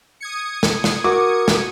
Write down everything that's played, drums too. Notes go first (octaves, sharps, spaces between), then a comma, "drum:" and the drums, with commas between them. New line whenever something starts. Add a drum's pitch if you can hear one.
D#6 G#6 C#7
drum: snare
drum: snare
F#4 A#4 D6
drum: snare